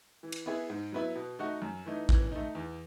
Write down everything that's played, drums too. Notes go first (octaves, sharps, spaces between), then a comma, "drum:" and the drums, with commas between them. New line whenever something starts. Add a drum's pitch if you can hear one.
E3
drum: cymbal
B3 E4 G#4
G#2
F#3 B3 E4
B2
A3 D#4 F#4
F#2
E3 A3 D#4
E3, drum: kick
A3 D#4
E2